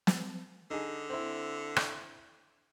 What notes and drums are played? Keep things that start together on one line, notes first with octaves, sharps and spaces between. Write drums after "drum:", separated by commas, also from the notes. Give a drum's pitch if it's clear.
drum: snare
D3 D#4 G#4
C4 E4
drum: rim click